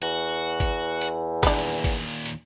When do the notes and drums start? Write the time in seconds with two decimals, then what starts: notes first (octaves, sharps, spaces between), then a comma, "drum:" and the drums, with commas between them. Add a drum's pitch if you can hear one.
0.02 E2 F#4
0.60 drum: kick, hi-hat
1.02 drum: hi-hat
1.43 D#2 A#2 D4 B4, drum: kick, hi-hat
1.84 drum: kick, hi-hat
2.26 drum: hi-hat